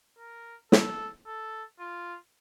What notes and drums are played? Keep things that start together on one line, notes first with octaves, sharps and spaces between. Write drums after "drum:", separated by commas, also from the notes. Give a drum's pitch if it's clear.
A#4
A4, drum: snare
A4
F4